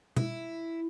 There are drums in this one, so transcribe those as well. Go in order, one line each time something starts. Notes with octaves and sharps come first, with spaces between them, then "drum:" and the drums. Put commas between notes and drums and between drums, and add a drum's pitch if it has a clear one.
E4, drum: tom B2